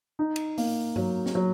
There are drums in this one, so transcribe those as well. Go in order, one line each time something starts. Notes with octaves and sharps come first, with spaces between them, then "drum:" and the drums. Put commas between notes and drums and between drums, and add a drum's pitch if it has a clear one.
D#4
drum: cymbal
A#3, drum: open hi-hat
F#3, drum: tom G2
drum: snare
F#3